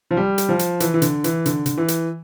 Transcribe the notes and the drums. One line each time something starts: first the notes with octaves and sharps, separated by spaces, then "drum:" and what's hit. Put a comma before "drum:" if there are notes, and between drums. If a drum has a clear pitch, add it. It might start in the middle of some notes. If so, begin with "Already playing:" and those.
F3
G3
drum: hi-hat
F3
drum: hi-hat
E3, drum: hi-hat
E3
D3, drum: hi-hat
E3, drum: hi-hat
D3, drum: hi-hat
D3, drum: hi-hat
E3
drum: hi-hat